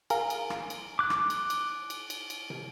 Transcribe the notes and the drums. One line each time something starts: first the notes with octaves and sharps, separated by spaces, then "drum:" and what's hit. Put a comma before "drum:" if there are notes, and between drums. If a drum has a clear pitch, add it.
G#4 A#4 F5, drum: cymbal
drum: cymbal
drum: rim click
drum: cymbal
D6 F#6
drum: rim click
drum: cymbal
drum: cymbal
drum: cymbal
drum: cymbal
drum: cymbal
drum: tom